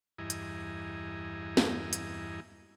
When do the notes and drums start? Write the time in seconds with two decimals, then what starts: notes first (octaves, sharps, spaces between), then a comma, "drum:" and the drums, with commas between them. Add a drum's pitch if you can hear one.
0.18 E2 G2 E4 D#5 G#5 A#5
0.30 drum: hi-hat
1.57 drum: snare
1.93 drum: hi-hat